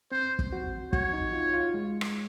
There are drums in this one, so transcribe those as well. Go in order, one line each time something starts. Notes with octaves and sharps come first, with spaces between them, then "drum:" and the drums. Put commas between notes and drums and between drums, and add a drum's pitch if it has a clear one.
C4 C5
drum: kick
F#4
F#4 C#5, drum: kick
D#4
F4
F4
G#3
drum: rim click